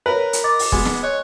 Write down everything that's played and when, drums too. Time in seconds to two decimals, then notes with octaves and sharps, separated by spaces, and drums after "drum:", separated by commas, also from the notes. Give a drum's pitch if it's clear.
0.06 A#4 B4 C#5 F#7
0.33 drum: hi-hat
0.44 D#5 D6 A6
0.59 drum: open hi-hat
0.72 G#3 B3, drum: kick
0.85 drum: snare
1.03 C#5 D#5 F#6